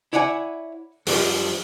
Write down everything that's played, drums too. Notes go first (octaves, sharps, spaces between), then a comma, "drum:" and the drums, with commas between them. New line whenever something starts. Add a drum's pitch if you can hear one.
E4 C#5 D5 F#5 G#5
F#2 D#3 F3 G3, drum: open hi-hat